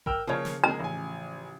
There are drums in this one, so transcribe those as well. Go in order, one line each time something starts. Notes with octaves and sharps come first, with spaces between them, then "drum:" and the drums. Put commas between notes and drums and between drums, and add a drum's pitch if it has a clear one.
A#4 G5 E6, drum: kick A1
C#3 F3 A#3 C#5
drum: snare
G#3 A#3 G#4 A#5
A1 G#5